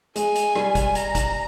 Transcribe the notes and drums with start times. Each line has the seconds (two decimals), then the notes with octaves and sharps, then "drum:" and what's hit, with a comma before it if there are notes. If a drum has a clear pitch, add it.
0.16 G#3 G#5, drum: hi-hat
0.35 drum: hi-hat
0.55 G3, drum: rim click
0.75 drum: kick, hi-hat
0.95 A#5, drum: hi-hat
1.15 drum: kick, hi-hat